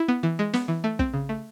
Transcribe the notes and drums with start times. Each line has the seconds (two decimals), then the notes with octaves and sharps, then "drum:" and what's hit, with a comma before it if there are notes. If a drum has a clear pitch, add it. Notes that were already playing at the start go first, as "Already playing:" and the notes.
Already playing: E4
0.08 B3
0.23 E3
0.39 G#3
0.53 B3, drum: snare
0.68 E3
0.84 A3
0.99 C4, drum: kick
1.13 C#3
1.29 A3